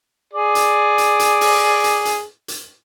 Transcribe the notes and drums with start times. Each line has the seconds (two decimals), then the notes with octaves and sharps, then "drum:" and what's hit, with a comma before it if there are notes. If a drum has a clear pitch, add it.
0.34 G#4 D5
0.55 drum: hi-hat
0.98 drum: hi-hat
1.19 drum: hi-hat
1.41 drum: open hi-hat
1.84 drum: hi-hat
2.05 drum: hi-hat
2.48 drum: hi-hat